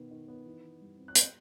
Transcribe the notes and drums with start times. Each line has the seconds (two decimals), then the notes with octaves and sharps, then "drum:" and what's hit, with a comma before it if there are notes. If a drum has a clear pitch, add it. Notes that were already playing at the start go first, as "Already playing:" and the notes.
Already playing: B2 D#3 B3
0.11 D#3
0.28 B3
0.46 E3
0.63 E3
0.81 G3
0.97 C4
1.08 F#6
1.15 G6, drum: hi-hat